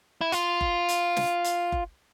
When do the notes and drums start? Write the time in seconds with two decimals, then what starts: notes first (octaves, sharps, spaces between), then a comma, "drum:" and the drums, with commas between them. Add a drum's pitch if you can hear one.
0.21 E4
0.32 F4, drum: hi-hat
0.61 drum: kick F#1
0.89 drum: hi-hat
1.16 drum: snare
1.44 drum: hi-hat
1.72 drum: kick F#1